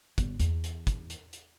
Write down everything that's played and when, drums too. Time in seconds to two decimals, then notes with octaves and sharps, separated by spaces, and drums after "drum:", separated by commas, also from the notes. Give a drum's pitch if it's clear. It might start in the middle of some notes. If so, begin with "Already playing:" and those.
0.18 G1, drum: kick, hi-hat
0.40 E2, drum: hi-hat
0.64 drum: hi-hat
0.87 drum: kick, hi-hat
1.10 drum: hi-hat
1.33 drum: hi-hat